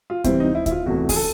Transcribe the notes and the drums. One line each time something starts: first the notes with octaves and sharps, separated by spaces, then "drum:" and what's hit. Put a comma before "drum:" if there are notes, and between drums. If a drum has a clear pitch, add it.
F4
C3 E3 G3 C4 E4, drum: kick D2, hi-hat
D#4
E4
E4, drum: kick D2, hi-hat
F4
E2 C3 E3 A3 F#4
G#4, drum: kick D2, open hi-hat
A4